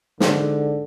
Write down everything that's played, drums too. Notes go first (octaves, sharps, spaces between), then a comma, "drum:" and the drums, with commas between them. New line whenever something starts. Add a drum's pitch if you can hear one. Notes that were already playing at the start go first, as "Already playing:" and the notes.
G#2 D3, drum: snare